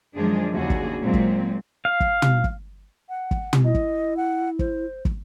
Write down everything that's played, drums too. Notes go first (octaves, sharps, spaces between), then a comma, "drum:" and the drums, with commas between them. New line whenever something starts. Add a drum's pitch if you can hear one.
F#2 D#3 F3 G#3 D4 G#4
D#2 C#3 D4 F#4 G#4
drum: kick
A#2 F#3 G#3 C4
drum: kick
F5
drum: kick
drum: tom
drum: kick
F#5
drum: kick
drum: tom
E4 D#5
drum: kick
F#5
C5, drum: kick
drum: kick